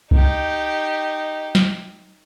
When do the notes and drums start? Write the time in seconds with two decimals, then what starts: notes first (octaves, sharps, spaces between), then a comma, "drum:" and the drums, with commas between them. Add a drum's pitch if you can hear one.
0.11 D#4 G4, drum: kick C2
1.55 drum: snare